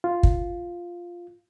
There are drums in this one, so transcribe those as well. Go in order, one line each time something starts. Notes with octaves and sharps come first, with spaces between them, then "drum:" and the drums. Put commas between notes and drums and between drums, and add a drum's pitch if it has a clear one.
F4
drum: kick